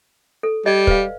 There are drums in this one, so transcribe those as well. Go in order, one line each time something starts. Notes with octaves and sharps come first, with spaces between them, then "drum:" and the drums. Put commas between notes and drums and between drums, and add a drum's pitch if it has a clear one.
A4
G3 D5 D#5
B4 F5, drum: kick